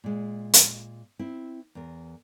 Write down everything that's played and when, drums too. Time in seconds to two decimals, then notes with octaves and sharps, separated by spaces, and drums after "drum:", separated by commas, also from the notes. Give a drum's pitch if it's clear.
0.04 A#2 G#3
0.54 drum: hi-hat
1.19 C4 E4
1.75 E2 A#4